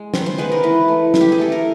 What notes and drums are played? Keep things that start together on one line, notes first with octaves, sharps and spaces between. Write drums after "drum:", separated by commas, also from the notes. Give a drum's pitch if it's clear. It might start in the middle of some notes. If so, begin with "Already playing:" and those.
Already playing: G#3
D#3 C5, drum: snare
C5
G#3 B3 B4
A#4
E3 B4
A3
E3, drum: snare
G4
G#4
A3 A4
A#4